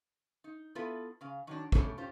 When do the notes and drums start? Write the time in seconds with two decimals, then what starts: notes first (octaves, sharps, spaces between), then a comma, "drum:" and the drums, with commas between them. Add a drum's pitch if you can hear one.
0.44 D#4
0.75 B3 E4 F4 A4 B4
1.21 C#3 F5
1.47 D#3 F#3 D4
1.72 B2 D3 G3 A3 C#4 D4, drum: kick
1.97 C#4 F4 G4 C5